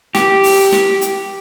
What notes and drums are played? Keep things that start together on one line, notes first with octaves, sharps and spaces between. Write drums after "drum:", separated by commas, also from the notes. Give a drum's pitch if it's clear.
G4, drum: snare
drum: open hi-hat
drum: snare
drum: hi-hat